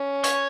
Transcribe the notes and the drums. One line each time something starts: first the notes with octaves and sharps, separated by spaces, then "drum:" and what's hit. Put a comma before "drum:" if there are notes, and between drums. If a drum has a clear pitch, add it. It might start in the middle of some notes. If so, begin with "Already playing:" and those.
Already playing: C#4
C#5, drum: hi-hat